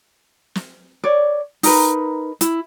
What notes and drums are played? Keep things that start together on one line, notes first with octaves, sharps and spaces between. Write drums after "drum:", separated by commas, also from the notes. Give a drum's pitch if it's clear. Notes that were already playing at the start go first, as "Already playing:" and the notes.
drum: snare
C#5 D5
D#4 A#4 B4, drum: open hi-hat
E4, drum: hi-hat